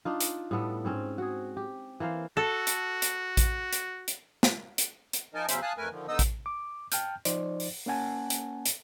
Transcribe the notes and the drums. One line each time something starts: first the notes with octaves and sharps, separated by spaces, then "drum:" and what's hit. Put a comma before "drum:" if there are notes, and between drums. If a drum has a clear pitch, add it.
D4 D#4 F4
drum: hi-hat
A2 G3 B3 A4
G#2 C4 C#4
F#4 G#4
G4
E3 A#3 C5 F5
F#4 A4
drum: hi-hat
drum: hi-hat
drum: kick A1, hi-hat
drum: hi-hat
drum: hi-hat
drum: snare
drum: hi-hat
drum: hi-hat
F3 D#4 A#4 D#5 G#5 A5
E2 C#3 F#3 C#4 C5 E5, drum: hi-hat
F5 G#5 A5 D#6 F#6
F2 A3 A#4 B4 G#5
D3 D#3 F3
D3 B3 D#4 D#5 D#6 E6
drum: kick A1, hi-hat
D6
G5 A5 F6 G6, drum: hi-hat
F3 D#4 C5 D5, drum: hi-hat
drum: open hi-hat
A#3 C#4 F#5 G#5 A5
drum: hi-hat
drum: hi-hat